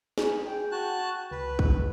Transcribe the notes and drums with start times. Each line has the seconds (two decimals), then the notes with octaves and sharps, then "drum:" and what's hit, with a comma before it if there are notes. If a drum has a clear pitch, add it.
0.18 G#4, drum: snare
0.46 G5
0.72 F#4 A5 F#6
1.31 C#2 B4
1.59 drum: kick